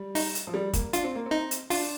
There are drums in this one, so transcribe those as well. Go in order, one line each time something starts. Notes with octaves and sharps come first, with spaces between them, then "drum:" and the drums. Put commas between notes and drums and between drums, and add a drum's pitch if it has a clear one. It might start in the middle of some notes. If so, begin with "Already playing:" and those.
Already playing: G3
D#4, drum: open hi-hat
drum: hi-hat
F3
G3
A#3, drum: kick, hi-hat
D4 F4, drum: hi-hat
C4
A#3
C4
D#4
drum: hi-hat
D4 F4, drum: open hi-hat